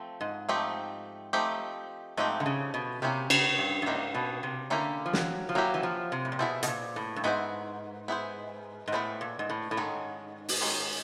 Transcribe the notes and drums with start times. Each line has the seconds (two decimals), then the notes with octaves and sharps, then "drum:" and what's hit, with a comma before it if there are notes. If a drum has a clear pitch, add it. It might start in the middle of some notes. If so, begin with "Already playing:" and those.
Already playing: F3 A3 C4
0.21 G#2
0.49 F3 A3 C4 D#4 G4
1.33 F3 A3 C4 D#4 G4
2.17 G#2 F3 A3 C4 D#4 G4
2.40 D3
2.46 C#3
2.74 B2
3.02 C3 A#3 C#4 E4 G4 A#4
3.30 C#3, drum: cymbal
3.58 G2
3.82 G2
3.86 G#2 A#3 C#4 E4 G4 A#4
4.15 B2
4.43 C3
4.70 D3 A#3 C#4 E4 G4 A#4
5.06 F3
5.13 F#3, drum: snare
5.49 F3
5.55 F#3 A#3 C#4 E4 G4 A#4
5.74 E3
5.83 F3
6.12 C3
6.25 A2
6.32 A#2
6.39 B2 B3 E4 G#4 C5
6.63 B2, drum: hi-hat
6.68 A#2
6.96 A2
7.16 G2
7.24 G#2 B3 E4 G#4 C5
8.08 B3 E4 G#4 C5
8.88 G#2
8.92 A2 B3 E4 G#4 C5
9.21 A#2
9.39 G#2
9.50 A2
9.71 A2
9.77 G#2 D#3 G#3 C#4
10.48 drum: open hi-hat
10.61 D#3 G#3 C#4